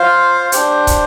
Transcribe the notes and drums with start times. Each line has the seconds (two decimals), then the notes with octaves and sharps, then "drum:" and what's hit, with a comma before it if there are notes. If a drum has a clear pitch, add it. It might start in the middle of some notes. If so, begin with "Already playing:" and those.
Already playing: F4 C5 F5
0.52 D4 G4 C5, drum: hi-hat
0.87 drum: kick, hi-hat